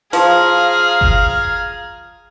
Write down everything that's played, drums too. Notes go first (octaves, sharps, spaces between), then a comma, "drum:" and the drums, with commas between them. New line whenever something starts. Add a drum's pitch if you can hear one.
F3 G#4 F5 A#5, drum: hi-hat
drum: kick G1